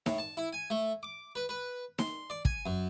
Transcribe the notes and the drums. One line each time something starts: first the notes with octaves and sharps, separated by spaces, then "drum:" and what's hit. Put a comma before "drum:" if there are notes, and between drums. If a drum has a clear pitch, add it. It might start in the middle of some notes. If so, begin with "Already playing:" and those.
A2, drum: snare D#4
A5
E4
G#5
A3
D6
B4
B4
C6, drum: snare D#4
D5
G#5, drum: kick
F#2